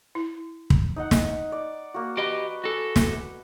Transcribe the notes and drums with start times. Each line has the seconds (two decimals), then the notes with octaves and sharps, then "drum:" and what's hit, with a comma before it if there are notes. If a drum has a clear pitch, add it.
0.15 E4
0.70 drum: kick
0.96 D#4 D#5 F#5
1.11 drum: snare
1.52 D5
1.94 A#3 F#4
2.17 G4 B4 D#5 D6
2.64 F#4 A4 G#5
2.96 drum: snare